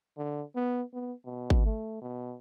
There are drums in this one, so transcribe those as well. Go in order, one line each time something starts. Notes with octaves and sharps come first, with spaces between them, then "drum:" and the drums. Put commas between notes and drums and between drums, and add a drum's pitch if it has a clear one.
D3
B3
B3
B2
drum: kick G#1
A3
B2